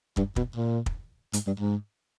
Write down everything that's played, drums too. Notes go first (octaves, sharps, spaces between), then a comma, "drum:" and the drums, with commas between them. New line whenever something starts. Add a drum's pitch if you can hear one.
G2, drum: kick
B2, drum: kick
A#2
drum: kick
G#2, drum: hi-hat
G2
G#2